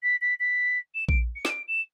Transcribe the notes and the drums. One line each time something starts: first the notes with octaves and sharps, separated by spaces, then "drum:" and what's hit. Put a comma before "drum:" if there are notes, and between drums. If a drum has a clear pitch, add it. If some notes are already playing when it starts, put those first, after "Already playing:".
B6
B6
B6
E7
D7, drum: kick A#1
C#7
E7, drum: snare
D7
E7